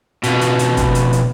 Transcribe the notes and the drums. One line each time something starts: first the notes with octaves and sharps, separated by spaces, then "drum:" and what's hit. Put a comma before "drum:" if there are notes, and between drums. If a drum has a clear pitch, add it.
F2 B2, drum: hi-hat
drum: hi-hat
drum: hi-hat
drum: kick, hi-hat
drum: hi-hat
drum: hi-hat